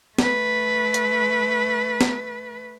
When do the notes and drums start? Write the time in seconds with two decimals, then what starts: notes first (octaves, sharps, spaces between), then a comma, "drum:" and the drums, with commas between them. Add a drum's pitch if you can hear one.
0.18 A3 B4, drum: snare
0.94 drum: hi-hat
2.01 drum: snare